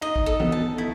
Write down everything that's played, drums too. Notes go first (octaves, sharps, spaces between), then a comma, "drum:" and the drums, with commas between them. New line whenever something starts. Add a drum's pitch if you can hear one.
D#4 D#5
drum: kick
A4
B3, drum: tom E3
A5
A3 E4